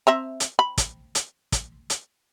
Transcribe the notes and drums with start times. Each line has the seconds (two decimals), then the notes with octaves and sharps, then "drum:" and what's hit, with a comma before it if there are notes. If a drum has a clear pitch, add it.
0.07 C4 E5 A#5
0.40 drum: hi-hat
0.59 B5
0.78 drum: kick, hi-hat
1.15 drum: hi-hat
1.52 drum: kick, hi-hat
1.90 drum: hi-hat